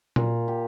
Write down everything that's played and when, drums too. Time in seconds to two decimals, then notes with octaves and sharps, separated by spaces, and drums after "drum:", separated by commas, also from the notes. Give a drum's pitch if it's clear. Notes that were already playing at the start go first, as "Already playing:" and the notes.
0.16 A#2, drum: tom A#2
0.48 G4